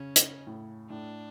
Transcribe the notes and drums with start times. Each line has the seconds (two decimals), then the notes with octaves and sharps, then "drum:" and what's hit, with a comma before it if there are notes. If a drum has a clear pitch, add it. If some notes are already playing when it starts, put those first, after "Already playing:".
Already playing: C#3 C#4
0.16 drum: hi-hat
0.47 A2
0.90 A2 D4